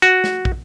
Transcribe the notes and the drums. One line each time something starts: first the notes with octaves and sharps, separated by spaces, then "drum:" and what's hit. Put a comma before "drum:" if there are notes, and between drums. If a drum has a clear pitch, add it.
F#4
drum: snare
drum: kick